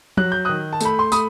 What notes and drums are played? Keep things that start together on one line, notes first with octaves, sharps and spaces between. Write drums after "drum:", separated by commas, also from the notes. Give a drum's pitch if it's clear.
F#3 F#6, drum: tom
G6
D#3 D#6 F#6
A5
A3 B5, drum: tambourine
C6
A3 B5 D#6, drum: tambourine